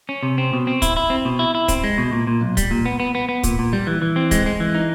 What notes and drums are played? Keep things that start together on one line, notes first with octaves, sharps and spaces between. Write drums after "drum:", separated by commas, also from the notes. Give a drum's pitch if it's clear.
C#4
C3
C4
B2
C4
E4, drum: kick, hi-hat
E4
C4
B2
E4
E4
C4, drum: kick, hi-hat
G#3
B2
A#2
A#2
B1
G3, drum: kick, hi-hat
A#2
B3
B3
B3
B3
A#2, drum: kick, hi-hat
A#2
G3
E3
E3
C4
G#3, drum: kick, hi-hat
G#3
E3
D#4